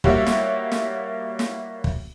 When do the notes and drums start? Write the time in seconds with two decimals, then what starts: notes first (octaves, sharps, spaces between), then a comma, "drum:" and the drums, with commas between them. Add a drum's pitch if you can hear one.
0.04 G3 A#3 F#4 G4 C#5 E5, drum: kick
0.27 drum: snare
0.72 drum: snare
1.39 drum: snare
1.84 drum: kick